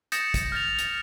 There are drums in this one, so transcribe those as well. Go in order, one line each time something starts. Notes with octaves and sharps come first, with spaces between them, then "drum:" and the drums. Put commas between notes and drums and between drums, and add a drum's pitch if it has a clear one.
D#6 G6 A6 A#6 C#7 E7, drum: hi-hat
drum: kick, hi-hat
F6 G6 A6 F7
drum: hi-hat